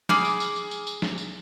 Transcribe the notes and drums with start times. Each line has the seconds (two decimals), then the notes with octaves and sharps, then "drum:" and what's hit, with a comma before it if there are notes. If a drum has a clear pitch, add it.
0.09 G#4 B5 D6 F6, drum: snare
0.25 drum: tambourine
0.40 drum: tambourine
0.56 drum: tambourine
0.71 drum: tambourine
0.87 drum: tambourine
1.02 drum: snare
1.18 drum: tambourine